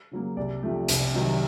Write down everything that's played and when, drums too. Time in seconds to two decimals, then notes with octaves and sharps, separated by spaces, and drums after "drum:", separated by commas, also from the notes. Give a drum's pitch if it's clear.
0.11 C#3 F#3 A#3
0.37 C2 D5
0.63 C3 F3 A3
0.88 C2, drum: hi-hat
1.14 C3 D#3 F#3